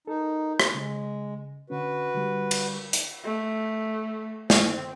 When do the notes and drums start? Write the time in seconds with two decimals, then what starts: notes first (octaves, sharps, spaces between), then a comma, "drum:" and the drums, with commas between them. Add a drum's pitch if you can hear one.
0.07 D#4 A4 A#4
0.60 drum: rim click
0.74 C#3 G#3
1.70 D3 C#4 F#4 B4
2.15 D3 G3
2.51 drum: cymbal
2.93 drum: hi-hat
3.25 A3
4.50 C4, drum: snare